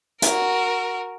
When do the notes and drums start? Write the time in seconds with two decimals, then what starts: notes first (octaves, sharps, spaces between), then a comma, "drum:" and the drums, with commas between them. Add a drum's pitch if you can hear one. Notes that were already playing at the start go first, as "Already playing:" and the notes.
0.22 F#4 A#4, drum: hi-hat